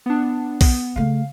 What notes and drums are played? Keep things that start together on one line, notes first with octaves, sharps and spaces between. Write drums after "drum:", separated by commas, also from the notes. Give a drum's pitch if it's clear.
B3 D4
B3, drum: kick B1, open hi-hat
C#3 A3 F5